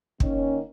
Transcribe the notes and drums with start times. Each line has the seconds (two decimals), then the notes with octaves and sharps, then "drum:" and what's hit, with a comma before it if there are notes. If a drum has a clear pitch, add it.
0.20 D#3 A#3 C#4, drum: kick